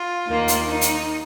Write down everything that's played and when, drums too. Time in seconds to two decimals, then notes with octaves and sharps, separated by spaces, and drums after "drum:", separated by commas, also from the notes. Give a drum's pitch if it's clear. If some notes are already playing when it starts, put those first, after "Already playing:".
Already playing: F4
0.27 D#2 D#3 A#3
0.48 drum: hi-hat
0.67 D#4
0.81 drum: hi-hat